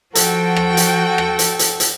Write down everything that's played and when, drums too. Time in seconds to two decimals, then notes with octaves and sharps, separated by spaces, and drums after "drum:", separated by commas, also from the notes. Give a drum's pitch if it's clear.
0.15 F3 F#4 A4 G5, drum: hi-hat
0.56 drum: rim click
0.77 drum: hi-hat
1.18 drum: rim click
1.39 drum: hi-hat
1.59 drum: hi-hat
1.80 drum: hi-hat